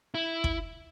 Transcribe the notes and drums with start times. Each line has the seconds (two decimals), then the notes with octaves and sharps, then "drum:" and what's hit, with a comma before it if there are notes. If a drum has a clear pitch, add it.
0.14 E4
0.44 drum: kick